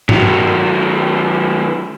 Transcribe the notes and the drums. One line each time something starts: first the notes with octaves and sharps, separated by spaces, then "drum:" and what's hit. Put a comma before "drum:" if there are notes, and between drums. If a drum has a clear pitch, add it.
D#3 F#3, drum: tom G2